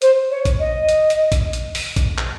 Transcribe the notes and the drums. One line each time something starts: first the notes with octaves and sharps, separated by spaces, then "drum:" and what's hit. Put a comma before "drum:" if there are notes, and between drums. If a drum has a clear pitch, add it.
C5, drum: hi-hat
C#5
drum: kick, hi-hat
D#5
drum: hi-hat
drum: hi-hat
drum: kick, hi-hat
drum: hi-hat
drum: open hi-hat
drum: kick, hi-hat
drum: clap